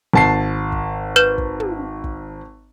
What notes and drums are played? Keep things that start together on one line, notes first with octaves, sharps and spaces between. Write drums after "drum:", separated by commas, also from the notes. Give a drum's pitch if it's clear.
G#1 A5 C7
drum: kick
B4 G6 E7
drum: kick
drum: tom
drum: kick